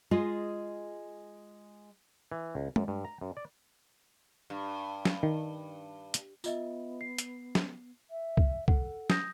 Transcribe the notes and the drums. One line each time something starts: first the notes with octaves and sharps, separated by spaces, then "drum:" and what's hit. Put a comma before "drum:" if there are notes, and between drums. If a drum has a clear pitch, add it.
G#3 F4 G#4 D#5
E3
C#2
F#2, drum: tom G#3
G2
A#5
F#2
D5
G2
drum: snare
D#3
drum: hi-hat
B3 F4 D#5 E5, drum: tambourine
C7
drum: hi-hat
drum: snare
E5
drum: kick
A4 F#5, drum: kick
D#6 G6 A#6, drum: snare